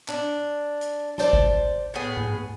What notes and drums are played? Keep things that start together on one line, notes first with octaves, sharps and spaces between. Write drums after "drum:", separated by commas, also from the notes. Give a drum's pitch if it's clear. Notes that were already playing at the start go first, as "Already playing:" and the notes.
D4, drum: clap
drum: hi-hat
C5 D5 A5, drum: snare
drum: kick G#1
A2 B3 G#4
drum: tom G#2